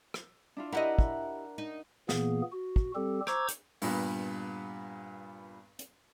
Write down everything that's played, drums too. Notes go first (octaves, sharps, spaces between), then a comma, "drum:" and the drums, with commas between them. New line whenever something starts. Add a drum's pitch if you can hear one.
drum: rim click
D4 E4 F4
E4 G4 A#4 D#5 F#5
drum: kick
D#4
A#2 E3 A#3 B3 G#4, drum: snare
F#4
drum: kick
G3 C4 G4 A4
C5 A#5 C#6 D6 E6 G#6, drum: rim click
drum: hi-hat
G2 A#2 B3, drum: open hi-hat
drum: hi-hat